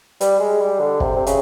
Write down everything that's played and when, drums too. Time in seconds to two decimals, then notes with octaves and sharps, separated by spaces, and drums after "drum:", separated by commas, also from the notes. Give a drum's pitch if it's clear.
0.21 G3, drum: hi-hat
0.40 G#3
0.61 G3
0.80 D3
1.00 C3, drum: kick
1.16 C3
1.27 C#3, drum: hi-hat